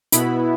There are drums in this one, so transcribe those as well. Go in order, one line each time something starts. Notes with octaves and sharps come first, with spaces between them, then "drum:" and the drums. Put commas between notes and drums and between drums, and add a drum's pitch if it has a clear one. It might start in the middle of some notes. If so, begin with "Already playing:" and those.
B2 B3 E4 B5, drum: hi-hat